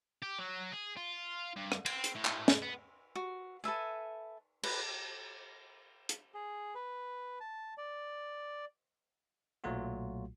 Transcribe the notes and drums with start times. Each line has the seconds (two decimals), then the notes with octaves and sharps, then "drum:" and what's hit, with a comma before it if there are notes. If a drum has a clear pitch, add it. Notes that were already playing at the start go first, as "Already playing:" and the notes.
0.22 G4
0.38 F#3
0.72 G#4
0.97 F4
1.56 G2
1.72 drum: rim click
1.86 C4, drum: cymbal
2.04 drum: hi-hat
2.16 A2
2.25 drum: clap
2.48 drum: snare
2.63 B3
3.16 F#4
3.64 A4 B4 E5 G#5
4.63 B4, drum: cymbal
6.09 drum: hi-hat
6.34 G#4
6.75 B4
7.40 A5
7.78 D5
9.64 B1 A#2 F#3 A3 F4 F#4